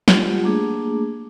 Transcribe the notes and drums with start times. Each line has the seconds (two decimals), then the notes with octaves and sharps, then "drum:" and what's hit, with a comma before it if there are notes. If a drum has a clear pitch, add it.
0.08 G3 F4 G4 F#5, drum: snare
0.43 A3 A#3 D4 G#4